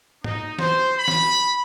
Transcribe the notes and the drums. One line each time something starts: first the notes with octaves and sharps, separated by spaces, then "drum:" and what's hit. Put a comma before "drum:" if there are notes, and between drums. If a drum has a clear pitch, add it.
D#4, drum: tom
C5, drum: snare
B5
drum: snare